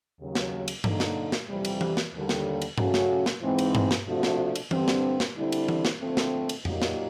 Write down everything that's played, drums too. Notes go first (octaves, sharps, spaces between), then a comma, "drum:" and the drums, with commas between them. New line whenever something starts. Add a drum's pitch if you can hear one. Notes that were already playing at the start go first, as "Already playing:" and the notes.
D#2 C#3 F#3
drum: snare
drum: cymbal
D3 F#3 A#3 D#4, drum: tom G2
drum: snare
drum: snare
F2 C3 E3 G3
drum: cymbal
drum: tom E3
drum: snare
D#2 D3 G3
drum: snare
drum: cymbal
C#3 F#3 A3 C#4 F#4, drum: tom G2
drum: snare
drum: snare
G#2 E3 G#3 C4
drum: cymbal
drum: tom G2
drum: snare
C3 F3 A3 D4 F#4
drum: snare
drum: cymbal
G2 D3 G3 C4, drum: tom E3
drum: snare
drum: snare
D3 G3 C4 E4
drum: cymbal
drum: tom E3
drum: snare
D3 F3 A3 C4
drum: snare
drum: cymbal
A#2 F#3 A#3 D#4 G4, drum: tom F2
drum: snare